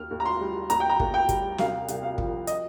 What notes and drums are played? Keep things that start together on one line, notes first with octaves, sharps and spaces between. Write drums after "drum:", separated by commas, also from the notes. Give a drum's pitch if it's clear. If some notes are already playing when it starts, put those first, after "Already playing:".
Already playing: D#2 F6
D#2
A#5
C6
G3
D#2 A#5, drum: hi-hat
G5
A#5
D#2, drum: kick
G5
G3, drum: kick, hi-hat
C2 F5, drum: snare
C2, drum: hi-hat
F5
F3, drum: kick
D#5, drum: hi-hat